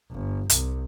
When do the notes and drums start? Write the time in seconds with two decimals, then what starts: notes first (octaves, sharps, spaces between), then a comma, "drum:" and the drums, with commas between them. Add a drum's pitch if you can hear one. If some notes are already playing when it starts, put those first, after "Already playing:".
0.10 G1
0.50 C2, drum: hi-hat